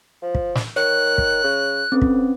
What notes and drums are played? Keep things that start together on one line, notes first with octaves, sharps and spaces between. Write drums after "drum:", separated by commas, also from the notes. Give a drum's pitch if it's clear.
F3
drum: kick
drum: snare
D#3 C#5 F#6
drum: kick
C#3
F2 C4 C#4 B4
drum: kick